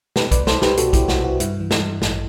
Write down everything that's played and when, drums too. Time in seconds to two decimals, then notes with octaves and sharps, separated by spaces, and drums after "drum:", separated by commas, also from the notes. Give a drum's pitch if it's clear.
0.16 B2 G4 B4, drum: snare
0.31 B4 D5, drum: kick A#1, hi-hat
0.37 C2
0.47 A4 C5, drum: snare
0.57 C2
0.62 G4 B4, drum: snare
0.77 B2 F#4 A4, drum: hi-hat
0.93 E4 G4, drum: kick A#1, hi-hat
0.99 C2
1.08 F#4, drum: snare
1.19 C2 F#4
1.40 G2 E4, drum: hi-hat
1.60 E3
1.71 drum: snare
1.81 G2
2.02 A1, drum: snare